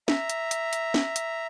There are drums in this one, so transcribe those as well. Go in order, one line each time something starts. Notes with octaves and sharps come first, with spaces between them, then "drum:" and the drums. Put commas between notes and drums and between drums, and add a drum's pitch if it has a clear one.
E5 A#5, drum: snare
drum: hi-hat
drum: hi-hat
drum: hi-hat
drum: snare
drum: hi-hat